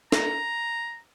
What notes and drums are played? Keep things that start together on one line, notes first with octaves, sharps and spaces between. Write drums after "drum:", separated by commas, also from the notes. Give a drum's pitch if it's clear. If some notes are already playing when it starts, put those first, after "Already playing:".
A#5, drum: snare